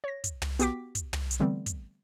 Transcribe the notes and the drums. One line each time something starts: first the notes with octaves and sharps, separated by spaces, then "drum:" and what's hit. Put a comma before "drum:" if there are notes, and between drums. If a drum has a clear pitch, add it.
C#5 A#6
drum: kick, hi-hat
drum: tom
B3 F#4 G4 G5 D6 B6, drum: hi-hat
drum: kick, hi-hat
drum: tom
drum: hi-hat
D3 E3 G3 A3 B3 C4
drum: kick, hi-hat